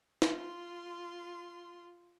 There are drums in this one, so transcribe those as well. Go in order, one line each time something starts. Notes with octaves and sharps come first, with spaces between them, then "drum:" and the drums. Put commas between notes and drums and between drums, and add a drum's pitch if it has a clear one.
F4 C6, drum: snare